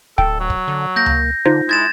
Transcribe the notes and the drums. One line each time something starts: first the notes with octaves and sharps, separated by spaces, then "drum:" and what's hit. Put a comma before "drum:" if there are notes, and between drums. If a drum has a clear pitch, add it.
D1 A4 G5, drum: kick
F#3
drum: kick
D3
A#3 G6 A#6
drum: tom C#2
D3 D#4 F4 C5
G#3 E4 G#6 A6 E7